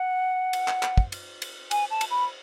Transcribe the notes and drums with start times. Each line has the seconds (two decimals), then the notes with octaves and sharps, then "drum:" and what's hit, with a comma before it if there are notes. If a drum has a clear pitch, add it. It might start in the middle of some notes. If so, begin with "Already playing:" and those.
Already playing: F#5
0.53 drum: cymbal
0.68 drum: clap
0.83 drum: clap
0.97 drum: kick
1.12 drum: cymbal
1.42 drum: cymbal
1.71 G#5, drum: cymbal
1.91 A5
2.01 drum: cymbal
2.11 B5